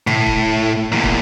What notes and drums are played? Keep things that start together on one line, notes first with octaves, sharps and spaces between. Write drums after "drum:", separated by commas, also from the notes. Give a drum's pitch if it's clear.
A2, drum: tom A#2
drum: kick
E2 A#2
drum: kick